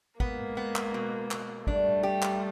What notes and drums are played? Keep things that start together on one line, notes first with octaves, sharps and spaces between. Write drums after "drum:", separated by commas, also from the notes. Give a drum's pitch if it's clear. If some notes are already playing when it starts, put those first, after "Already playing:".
G#3 A#3 B3, drum: kick
B3
drum: clap
B2
B2, drum: clap
G3 A3 D4, drum: kick
G4
drum: clap